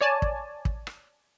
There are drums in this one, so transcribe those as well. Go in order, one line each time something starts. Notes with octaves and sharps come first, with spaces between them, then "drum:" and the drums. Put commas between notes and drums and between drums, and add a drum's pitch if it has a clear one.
C#5 D5 G#5 A5
drum: kick
drum: kick
drum: rim click